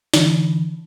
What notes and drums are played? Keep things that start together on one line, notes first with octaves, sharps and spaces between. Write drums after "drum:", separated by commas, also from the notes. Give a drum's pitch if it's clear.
D3 E3, drum: snare